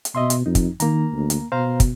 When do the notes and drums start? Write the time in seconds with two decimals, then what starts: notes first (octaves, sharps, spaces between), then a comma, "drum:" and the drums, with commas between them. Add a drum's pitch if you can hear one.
0.05 drum: hi-hat
0.15 B2 D#5 E5 C6
0.30 drum: hi-hat
0.46 F2 D#4
0.55 drum: kick, hi-hat
0.80 D#3 A#3 A#5, drum: hi-hat
1.13 D2
1.30 drum: hi-hat
1.52 B2 C5 F5 A#5
1.80 drum: kick, hi-hat